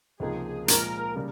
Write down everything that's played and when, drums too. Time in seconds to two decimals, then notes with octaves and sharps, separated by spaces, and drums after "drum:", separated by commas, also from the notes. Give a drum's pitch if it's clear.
0.20 C#2 C3 F3 A#3 D#4 G#4
0.68 A#2 F3 G#3 A#4, drum: hi-hat
1.16 C#3 G3 A#3